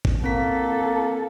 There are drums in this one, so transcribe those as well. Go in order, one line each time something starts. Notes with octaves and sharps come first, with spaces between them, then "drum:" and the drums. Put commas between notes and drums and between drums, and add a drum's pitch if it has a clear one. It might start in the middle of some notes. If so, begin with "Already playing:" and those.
drum: kick G#1
A#3 C4 A4 B6